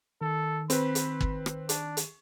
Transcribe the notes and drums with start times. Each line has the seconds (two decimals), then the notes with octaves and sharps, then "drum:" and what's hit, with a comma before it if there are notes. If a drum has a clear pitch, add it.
0.21 D#3 A4
0.70 C4 B4 B5, drum: hi-hat
0.95 drum: hi-hat
1.21 drum: kick
1.46 drum: rim click
1.69 D4, drum: hi-hat
1.97 drum: hi-hat